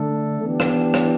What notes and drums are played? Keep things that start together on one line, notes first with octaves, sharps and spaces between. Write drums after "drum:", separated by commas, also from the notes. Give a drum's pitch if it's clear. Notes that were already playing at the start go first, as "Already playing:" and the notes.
Already playing: D3 A3 D4 A4
E3 B3 D4 G4
drum: rim click
drum: rim click